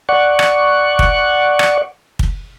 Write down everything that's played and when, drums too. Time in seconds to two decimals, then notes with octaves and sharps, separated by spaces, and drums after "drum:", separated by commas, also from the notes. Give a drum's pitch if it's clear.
0.09 D5 F#5 C#6
0.39 drum: rim click
0.99 drum: kick
1.59 drum: rim click
2.19 drum: kick